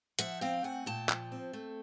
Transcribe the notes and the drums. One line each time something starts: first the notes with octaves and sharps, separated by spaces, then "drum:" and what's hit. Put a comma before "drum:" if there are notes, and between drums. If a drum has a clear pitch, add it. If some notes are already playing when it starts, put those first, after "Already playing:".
F3 E5 F#5, drum: hi-hat
C4 F5 G5
A3 F#5 G#5
A#2 G5 A5
F3, drum: clap
C4
A3